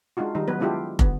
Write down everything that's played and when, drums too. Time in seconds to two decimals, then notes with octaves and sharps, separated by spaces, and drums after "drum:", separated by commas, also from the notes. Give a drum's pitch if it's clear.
0.17 G#3 D4 D#4 F4 F#4
0.35 D#3 G3 D#4
0.48 F#3 B3 B4
0.60 G#3 B3 D4 E4 F4 G4
0.99 D3 B3, drum: kick